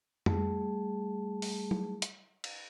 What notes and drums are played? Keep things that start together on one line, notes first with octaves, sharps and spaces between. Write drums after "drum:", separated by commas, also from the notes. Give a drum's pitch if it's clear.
G3 A3 G#4 A5, drum: tom F2
drum: open hi-hat
drum: tom
drum: hi-hat
drum: cymbal